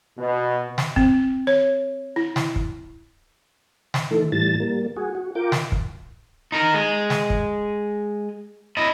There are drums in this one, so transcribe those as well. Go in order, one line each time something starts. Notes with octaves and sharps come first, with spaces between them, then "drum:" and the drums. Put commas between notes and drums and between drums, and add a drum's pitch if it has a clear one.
B2
drum: snare
C4, drum: kick
C#5
E4
drum: snare
drum: kick
drum: snare
D#3 E3 A3 A4
A2 E3 G3 A5 A6
G3 A#3
F#4 G#4
F#4
F4 A#4 G5 D6
drum: snare
drum: kick
D#4 A#4
G#3
drum: snare
drum: kick
E4 D#5